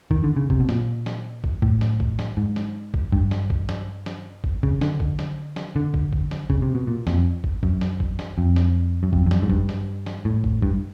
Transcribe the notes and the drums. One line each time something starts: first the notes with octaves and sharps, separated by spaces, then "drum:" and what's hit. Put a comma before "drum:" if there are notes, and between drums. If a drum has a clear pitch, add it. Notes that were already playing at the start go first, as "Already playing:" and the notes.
D#3, drum: kick
D3
C#3
C3, drum: kick
B2
A#2, drum: snare
drum: snare
drum: kick
A2, drum: kick
drum: snare
drum: kick
drum: snare
G#2
drum: snare
drum: kick
G2, drum: kick
drum: snare
drum: kick
drum: snare
drum: snare
drum: kick
C#3, drum: kick
D3, drum: snare
drum: kick
drum: snare
drum: snare
D3
drum: kick
drum: kick
drum: snare
C#3, drum: kick
C3
B2
A#2
F2, drum: snare
drum: kick
F#2, drum: kick
drum: snare
drum: kick
drum: snare
F2
drum: snare
F#2
F2, drum: kick
F2
F#2, drum: snare
G#2
G2, drum: kick
drum: snare
drum: snare
A2
drum: kick
G2, drum: kick